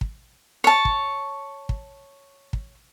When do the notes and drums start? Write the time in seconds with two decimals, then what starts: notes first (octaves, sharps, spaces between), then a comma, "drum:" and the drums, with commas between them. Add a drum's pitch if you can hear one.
0.01 drum: kick
0.64 C#5 A5
0.85 drum: kick
1.69 drum: kick
2.53 drum: kick